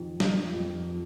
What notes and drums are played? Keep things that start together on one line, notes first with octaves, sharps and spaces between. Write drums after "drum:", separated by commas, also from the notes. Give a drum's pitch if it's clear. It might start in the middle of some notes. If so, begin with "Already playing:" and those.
Already playing: F2 D#3
F2, drum: snare
F2